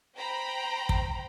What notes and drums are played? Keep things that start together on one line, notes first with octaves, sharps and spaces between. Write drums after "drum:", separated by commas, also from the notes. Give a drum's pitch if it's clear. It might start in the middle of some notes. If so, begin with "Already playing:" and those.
C5 G5 A#5 B5
drum: kick